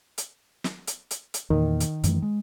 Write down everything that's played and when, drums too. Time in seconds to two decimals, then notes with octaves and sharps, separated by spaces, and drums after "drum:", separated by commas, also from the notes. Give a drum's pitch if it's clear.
0.18 drum: hi-hat
0.64 drum: snare
0.87 drum: hi-hat
1.11 drum: hi-hat
1.34 drum: hi-hat
1.50 E2 A#2 D#3
1.80 drum: hi-hat
2.04 F#2 E3 A3, drum: hi-hat
2.22 G#3